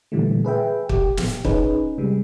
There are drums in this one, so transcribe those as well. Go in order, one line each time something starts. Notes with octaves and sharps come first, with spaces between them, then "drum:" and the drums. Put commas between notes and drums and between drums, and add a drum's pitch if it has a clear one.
A#2 D3 E3 G3 A3
G#4 B4 E5 G5
G4, drum: kick
drum: snare
C#4 D#4 G#4 B4, drum: kick
C3 G3 G#3